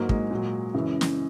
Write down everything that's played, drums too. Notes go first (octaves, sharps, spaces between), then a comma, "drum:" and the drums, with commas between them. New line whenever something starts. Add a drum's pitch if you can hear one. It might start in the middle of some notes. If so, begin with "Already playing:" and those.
Already playing: G#2 F#3 A#3
G#3, drum: kick
A#2 F#3
F#2 C#3 E3
drum: snare